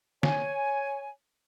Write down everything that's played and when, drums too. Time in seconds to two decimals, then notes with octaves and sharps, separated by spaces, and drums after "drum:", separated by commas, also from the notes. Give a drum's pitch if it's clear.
0.23 C#5 G#5, drum: snare